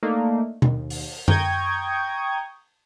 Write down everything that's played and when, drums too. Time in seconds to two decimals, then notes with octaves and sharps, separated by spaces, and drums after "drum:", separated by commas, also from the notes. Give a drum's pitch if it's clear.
0.03 A3 A#3 D4 D#4
0.62 D#2, drum: tom B2
0.90 drum: open hi-hat
1.28 G5 A#5 C#6 D#6 G6 G#6, drum: tom F#2